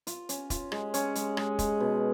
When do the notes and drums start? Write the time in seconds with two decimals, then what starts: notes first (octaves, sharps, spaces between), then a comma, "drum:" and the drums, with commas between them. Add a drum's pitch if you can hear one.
0.07 F4, drum: hi-hat
0.29 C#4, drum: hi-hat
0.50 F4, drum: kick E1, hi-hat
0.72 G#3, drum: rim click
0.94 C#4, drum: hi-hat
1.15 G#3, drum: hi-hat
1.37 G#3, drum: rim click
1.59 G#3, drum: kick E1, hi-hat
1.80 B2